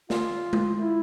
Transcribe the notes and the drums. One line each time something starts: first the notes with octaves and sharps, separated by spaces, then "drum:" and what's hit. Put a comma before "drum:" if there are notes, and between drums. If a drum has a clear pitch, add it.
F4, drum: snare
drum: tom G#3
E4